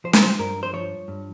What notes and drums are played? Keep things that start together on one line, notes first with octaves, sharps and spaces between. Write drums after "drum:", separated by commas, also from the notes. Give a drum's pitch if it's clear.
F3 C5
A#4, drum: snare
C5
G2 A#4
C5
F3 C#5
G2